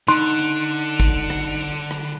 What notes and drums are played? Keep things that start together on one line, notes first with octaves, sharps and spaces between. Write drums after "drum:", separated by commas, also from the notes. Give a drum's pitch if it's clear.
D3 D#4 C6 F#6, drum: hi-hat
drum: hi-hat
drum: kick G#1, hi-hat
drum: rim click
drum: hi-hat
drum: rim click